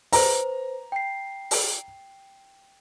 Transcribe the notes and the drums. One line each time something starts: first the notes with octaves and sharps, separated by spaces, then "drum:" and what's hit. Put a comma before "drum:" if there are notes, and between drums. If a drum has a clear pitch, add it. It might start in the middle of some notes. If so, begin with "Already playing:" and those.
B4 C5 A#5, drum: open hi-hat
G5 C7
drum: open hi-hat